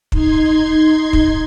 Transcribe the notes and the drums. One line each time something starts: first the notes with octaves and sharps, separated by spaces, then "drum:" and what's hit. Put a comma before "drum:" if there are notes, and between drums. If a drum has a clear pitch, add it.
D#4 C6 G#6, drum: kick
drum: kick